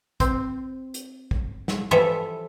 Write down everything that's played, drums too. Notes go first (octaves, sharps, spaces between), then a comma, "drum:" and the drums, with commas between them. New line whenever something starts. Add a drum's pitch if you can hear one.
C4, drum: kick, hi-hat
drum: hi-hat
drum: kick
drum: snare
E3 F3 G3 A4 E5